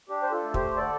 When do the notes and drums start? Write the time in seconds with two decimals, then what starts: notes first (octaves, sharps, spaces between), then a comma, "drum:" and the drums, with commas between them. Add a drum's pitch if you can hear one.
0.09 D4 G4
0.23 C5
0.31 F4 A4
0.43 A3
0.54 G4 C5, drum: kick
0.77 D3 A4 D5